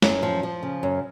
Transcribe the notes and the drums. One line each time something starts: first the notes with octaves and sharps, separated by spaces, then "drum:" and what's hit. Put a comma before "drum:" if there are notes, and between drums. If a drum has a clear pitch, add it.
F#2, drum: snare
F3
F3
C#3
F#2